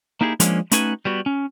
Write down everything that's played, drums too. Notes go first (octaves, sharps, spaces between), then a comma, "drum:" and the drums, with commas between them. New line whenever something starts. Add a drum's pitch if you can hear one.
A#3 D#4 E4 G4 G#4
F3 G#3 A#3 C#4 D4, drum: hi-hat
A3 C#4 D#4 F#4 B4 G#5, drum: hi-hat
G3 B3 F#4
C#4